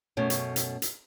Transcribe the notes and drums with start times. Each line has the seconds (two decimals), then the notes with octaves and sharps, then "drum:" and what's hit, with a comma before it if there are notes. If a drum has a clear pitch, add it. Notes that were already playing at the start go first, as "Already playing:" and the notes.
0.17 F#2 B2 A3 C#4
0.30 drum: hi-hat
0.56 drum: hi-hat
0.82 drum: hi-hat